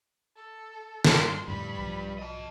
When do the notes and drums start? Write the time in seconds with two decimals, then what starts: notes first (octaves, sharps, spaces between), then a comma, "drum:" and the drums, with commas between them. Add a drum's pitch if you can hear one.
0.36 A4
1.04 drum: snare
1.14 G2 F#3 C6
1.48 F2 A2 D3 G3 B4 B5
1.79 B1 F3
2.18 D#5 A5